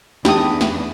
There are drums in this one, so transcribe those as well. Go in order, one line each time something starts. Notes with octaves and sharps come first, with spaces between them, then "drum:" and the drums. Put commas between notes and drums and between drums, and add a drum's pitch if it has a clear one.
E2 D4 D#4 G4 A4 G5 D#6, drum: snare
drum: snare